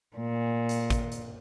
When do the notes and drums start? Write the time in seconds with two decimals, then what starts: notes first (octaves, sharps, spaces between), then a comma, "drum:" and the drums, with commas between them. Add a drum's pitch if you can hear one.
0.16 A#2
0.69 drum: hi-hat
0.90 drum: kick, hi-hat
1.12 drum: hi-hat